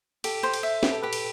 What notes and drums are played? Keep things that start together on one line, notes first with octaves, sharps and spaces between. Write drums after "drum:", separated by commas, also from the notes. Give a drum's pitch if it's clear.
G4 A4, drum: cymbal
C5
drum: cymbal
E5
G4 B4, drum: snare
A4
G4 B4
drum: cymbal